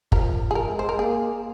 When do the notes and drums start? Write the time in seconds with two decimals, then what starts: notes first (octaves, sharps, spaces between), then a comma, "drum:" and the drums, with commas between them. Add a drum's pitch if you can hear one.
0.12 F3 A#4, drum: kick
0.51 G#4
0.55 A#4
0.70 G#3
0.79 C5
0.89 A#4
0.99 A#3 G#4